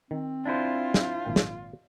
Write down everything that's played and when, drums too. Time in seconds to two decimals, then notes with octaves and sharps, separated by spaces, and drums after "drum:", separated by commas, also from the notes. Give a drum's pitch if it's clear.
0.11 D#3 C4
0.45 D4 E4 F4 C5
0.94 drum: snare
1.25 G#1 A#2 G5
1.36 drum: snare